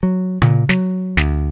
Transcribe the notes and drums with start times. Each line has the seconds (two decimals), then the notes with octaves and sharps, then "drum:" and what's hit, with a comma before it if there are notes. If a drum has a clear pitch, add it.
0.03 F#3
0.42 A#2, drum: tom C#3
0.69 F#3, drum: snare
1.17 D2, drum: snare